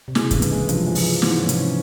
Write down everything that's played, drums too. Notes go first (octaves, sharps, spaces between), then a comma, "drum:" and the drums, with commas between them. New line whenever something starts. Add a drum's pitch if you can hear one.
C3
C#3 G#3, drum: snare
G2 E3, drum: kick, hi-hat
C#3, drum: hi-hat
G#3
G2 F3, drum: hi-hat
G#3
F3, drum: open hi-hat
G#3
G#2 E3, drum: snare
C#4
C3, drum: hi-hat
C#4